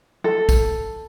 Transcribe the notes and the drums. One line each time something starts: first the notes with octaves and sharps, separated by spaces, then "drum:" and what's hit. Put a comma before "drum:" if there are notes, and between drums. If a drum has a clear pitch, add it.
A4
drum: kick, tambourine